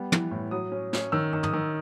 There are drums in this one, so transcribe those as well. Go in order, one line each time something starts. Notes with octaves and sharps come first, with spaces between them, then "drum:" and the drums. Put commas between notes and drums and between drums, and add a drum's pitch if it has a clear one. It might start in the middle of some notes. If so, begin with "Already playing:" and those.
Already playing: G3 B3
E3, drum: tom
A2
F#3 D#6
C#4
C#4, drum: snare
D#3 E6
D#3
D#6, drum: tom
D#3